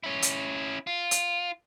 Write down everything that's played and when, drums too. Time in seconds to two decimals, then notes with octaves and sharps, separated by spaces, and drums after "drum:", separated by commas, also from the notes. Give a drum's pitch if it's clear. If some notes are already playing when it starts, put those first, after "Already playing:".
0.04 C#4 E4
0.22 drum: hi-hat
0.87 F4
1.11 drum: hi-hat